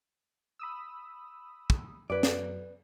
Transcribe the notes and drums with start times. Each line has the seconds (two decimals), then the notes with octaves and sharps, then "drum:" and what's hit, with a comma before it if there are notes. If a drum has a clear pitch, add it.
0.59 B5 D#6 E6
1.70 drum: kick
2.10 F#2 B4 D5
2.23 drum: snare